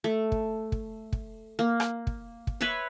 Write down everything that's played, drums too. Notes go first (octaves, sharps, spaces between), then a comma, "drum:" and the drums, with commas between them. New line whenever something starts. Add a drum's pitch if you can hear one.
A3
drum: kick
drum: kick
drum: kick
A#3
drum: rim click
drum: kick
drum: kick
B4 C#5 E5 C6